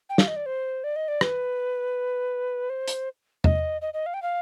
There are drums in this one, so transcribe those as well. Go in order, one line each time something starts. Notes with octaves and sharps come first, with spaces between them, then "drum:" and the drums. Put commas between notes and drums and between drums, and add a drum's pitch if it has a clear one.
G5
F5, drum: snare
D#5
D5
C5
D5
D#5
D5
B4, drum: rim click
C5
drum: hi-hat
D#5, drum: tom E2
D#5
D#5
F5
G5
F5